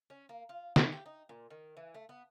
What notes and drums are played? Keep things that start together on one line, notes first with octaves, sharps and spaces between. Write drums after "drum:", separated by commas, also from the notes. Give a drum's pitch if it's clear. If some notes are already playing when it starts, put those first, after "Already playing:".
C#4
A#3
F4
E3, drum: snare
G4
D#4
A#2
D#3
E3
A3
B3